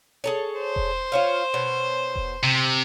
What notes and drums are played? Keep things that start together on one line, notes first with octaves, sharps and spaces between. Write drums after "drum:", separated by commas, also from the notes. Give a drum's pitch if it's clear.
G#4 A4 C#5
C5
drum: kick E1
F4 C#5 F5
B2 C#5
drum: kick E1
C3